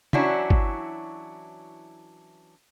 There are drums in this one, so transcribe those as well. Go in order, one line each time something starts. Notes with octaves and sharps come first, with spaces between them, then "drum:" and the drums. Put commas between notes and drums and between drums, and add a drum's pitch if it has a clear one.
E3 F#3 C#4 D4 E4 F#4, drum: tom
drum: kick